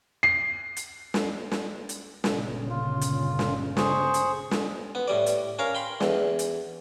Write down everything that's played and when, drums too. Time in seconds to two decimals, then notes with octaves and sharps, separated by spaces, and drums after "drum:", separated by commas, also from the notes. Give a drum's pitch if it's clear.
0.23 C7
0.77 drum: hi-hat
1.14 drum: snare
1.51 drum: snare
1.89 drum: hi-hat
2.24 G1 A#2 C#3, drum: snare
2.70 F4
3.01 drum: hi-hat
3.39 drum: snare
3.77 G#4 C5 C#6, drum: snare
4.14 drum: hi-hat
4.51 drum: snare
4.95 B3
5.08 A2 G3 D5
5.26 drum: hi-hat
5.59 C#4 A#4 F5
5.75 G5 B5 C6
6.01 E2, drum: snare
6.39 drum: hi-hat